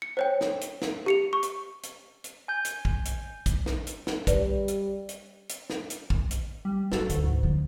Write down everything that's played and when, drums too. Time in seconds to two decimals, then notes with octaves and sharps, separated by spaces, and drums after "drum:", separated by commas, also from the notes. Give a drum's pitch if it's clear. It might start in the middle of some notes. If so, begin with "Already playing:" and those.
0.02 C#7
0.17 C5 C#5 G5
0.41 drum: snare
0.61 drum: hi-hat
0.82 drum: snare
1.06 G4 C#7 F7
1.33 C#6
1.43 drum: hi-hat
1.83 drum: hi-hat
2.24 drum: hi-hat
2.48 G#5 G6
2.65 drum: hi-hat
2.85 drum: kick
3.05 drum: hi-hat
3.46 drum: kick, hi-hat
3.66 drum: snare
3.87 drum: hi-hat
4.07 drum: snare
4.27 G3 B4 D5, drum: kick, hi-hat
4.68 drum: hi-hat
5.09 drum: hi-hat
5.49 drum: hi-hat
5.70 drum: snare
5.90 drum: hi-hat
6.10 drum: kick
6.31 drum: hi-hat
6.65 G3
6.92 F#3 F#4 A4 E6, drum: snare
7.09 D2 D3, drum: hi-hat
7.24 G#2
7.43 D3 F3